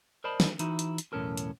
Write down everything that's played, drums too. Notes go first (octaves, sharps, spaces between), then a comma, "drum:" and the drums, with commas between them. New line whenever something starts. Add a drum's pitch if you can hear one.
A#4 C5 D5 D#5 A5 B5
drum: snare
E3 D#4 E4 F#4, drum: hi-hat
drum: hi-hat
drum: hi-hat
B1 E2 A2 C#4 A4 A#4
drum: hi-hat